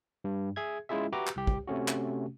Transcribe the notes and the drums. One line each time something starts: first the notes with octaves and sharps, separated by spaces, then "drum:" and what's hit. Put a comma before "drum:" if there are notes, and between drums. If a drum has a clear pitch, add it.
G2
G#4 E5 G#6
G#3 C#4 E4 F4 G#4 E5
F#4 G4 B4 E5 A#5 D6
drum: clap
C2 G4
drum: kick
C3 A3 C#4 F#4
drum: clap